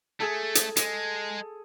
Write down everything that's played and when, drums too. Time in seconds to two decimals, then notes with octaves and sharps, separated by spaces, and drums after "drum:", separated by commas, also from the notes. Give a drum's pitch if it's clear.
0.20 A3 G#4 A4
0.55 drum: hi-hat
0.76 G#3, drum: hi-hat